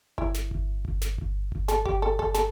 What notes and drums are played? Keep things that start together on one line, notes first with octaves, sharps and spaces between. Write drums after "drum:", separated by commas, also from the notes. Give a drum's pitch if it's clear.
E4, drum: kick G1
drum: snare
drum: kick G1
drum: kick G1
drum: snare
drum: kick G1
drum: kick G1
A4, drum: snare
G4, drum: kick G1
A4
A4, drum: kick G1
A4, drum: snare